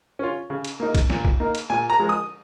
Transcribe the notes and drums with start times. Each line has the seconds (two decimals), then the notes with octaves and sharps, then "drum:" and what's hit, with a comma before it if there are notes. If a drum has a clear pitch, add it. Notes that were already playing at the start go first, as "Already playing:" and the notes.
0.19 C#4 F4
0.50 C#3
0.65 drum: cymbal
0.80 A#3 D#4
0.95 drum: kick, cymbal
1.10 A#2, drum: snare
1.25 drum: kick
1.40 A#3 D#4
1.55 drum: cymbal
1.70 A#2 G#5
1.90 A#5
1.99 F3 G#3
2.09 D#6